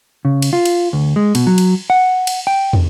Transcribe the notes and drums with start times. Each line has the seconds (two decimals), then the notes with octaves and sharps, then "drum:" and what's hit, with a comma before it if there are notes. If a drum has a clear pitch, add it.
0.25 C#3
0.42 drum: cymbal
0.53 F4
0.65 drum: cymbal
0.93 D2
1.16 G#3
1.35 B2, drum: cymbal
1.47 F#3
1.58 drum: cymbal
1.90 F#5
2.27 drum: cymbal
2.47 G5
2.73 drum: tom